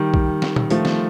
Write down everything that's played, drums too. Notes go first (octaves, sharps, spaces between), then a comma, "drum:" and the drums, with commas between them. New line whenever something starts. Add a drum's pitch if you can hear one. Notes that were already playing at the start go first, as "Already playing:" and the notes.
Already playing: D#3 G3
drum: kick B1
drum: snare
drum: tom
F3 A3, drum: hi-hat
drum: snare